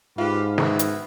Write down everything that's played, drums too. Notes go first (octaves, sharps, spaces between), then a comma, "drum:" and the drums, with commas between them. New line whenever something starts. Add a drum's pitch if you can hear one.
G#2 F4 G4 B4
D#3 B3 E4 F#4, drum: snare
drum: hi-hat